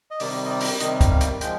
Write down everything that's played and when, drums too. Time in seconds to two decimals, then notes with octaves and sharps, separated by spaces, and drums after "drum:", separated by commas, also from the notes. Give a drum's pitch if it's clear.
0.11 D#5
0.20 C3 D#3 G3 D5, drum: open hi-hat
0.45 D#5
0.50 D5
0.60 drum: open hi-hat
0.80 C3 D#3 G3 D#5, drum: hi-hat
1.01 drum: kick, hi-hat
1.11 F5
1.21 drum: hi-hat
1.41 F3 G#3 G5, drum: hi-hat